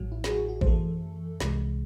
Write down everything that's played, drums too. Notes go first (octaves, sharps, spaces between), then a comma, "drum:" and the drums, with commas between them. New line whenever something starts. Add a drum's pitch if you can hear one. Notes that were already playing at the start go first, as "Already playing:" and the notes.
Already playing: A1 A2 F#3
E4
G#4, drum: snare
F#4
F#4
C5, drum: kick A1
F#2 E3 A3 A4
C2 C3 E3 G#3, drum: snare